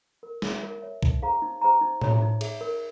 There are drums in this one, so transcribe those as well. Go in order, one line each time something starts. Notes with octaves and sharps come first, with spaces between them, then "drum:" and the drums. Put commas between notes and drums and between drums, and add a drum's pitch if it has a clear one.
A#4
C#5 E5, drum: snare
A#4
C#5 E5
D#4, drum: kick B1
G#4 C5 F5 A#5
D#4
G#4 C5 F5 A#5
D#4
G#4 C#5 E5, drum: tom A2
D#4
G#4 C#5 E5, drum: cymbal
A#4